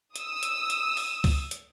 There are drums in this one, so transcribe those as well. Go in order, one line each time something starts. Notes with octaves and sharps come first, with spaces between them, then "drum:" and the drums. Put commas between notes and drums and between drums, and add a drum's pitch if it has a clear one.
D#6 E6, drum: hi-hat
drum: hi-hat
drum: hi-hat
drum: open hi-hat
drum: kick C2, open hi-hat
drum: hi-hat